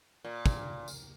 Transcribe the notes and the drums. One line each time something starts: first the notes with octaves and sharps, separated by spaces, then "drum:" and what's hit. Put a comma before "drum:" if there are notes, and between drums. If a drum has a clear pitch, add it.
A#2
drum: kick, tambourine
drum: tambourine